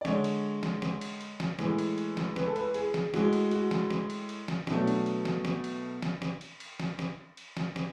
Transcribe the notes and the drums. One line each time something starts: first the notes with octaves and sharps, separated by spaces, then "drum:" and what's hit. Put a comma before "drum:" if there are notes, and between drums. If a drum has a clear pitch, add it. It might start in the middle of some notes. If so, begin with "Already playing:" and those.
D5
D3 G#3 C#5, drum: snare
drum: cymbal
drum: snare
drum: snare
drum: cymbal
drum: cymbal
drum: snare
A2 E3 G#3, drum: snare
drum: cymbal
drum: cymbal
drum: snare
B4, drum: snare
A4
B4, drum: cymbal
G#4, drum: cymbal
drum: snare
A2 G#3 F#4, drum: snare
drum: cymbal
F#4, drum: cymbal
drum: snare
drum: snare
drum: cymbal
drum: cymbal
drum: snare
B2 F#3 A3 D4, drum: snare
D4, drum: cymbal
drum: cymbal
drum: snare
drum: snare
drum: cymbal
drum: snare
drum: snare
drum: cymbal
drum: cymbal
drum: snare
drum: snare
drum: cymbal
drum: snare
drum: snare